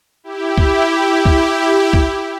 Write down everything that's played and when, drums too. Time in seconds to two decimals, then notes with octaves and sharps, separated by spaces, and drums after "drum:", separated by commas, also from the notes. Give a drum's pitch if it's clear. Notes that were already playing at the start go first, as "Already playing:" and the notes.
0.24 E4 G4
0.58 drum: kick
1.25 drum: kick
1.93 drum: kick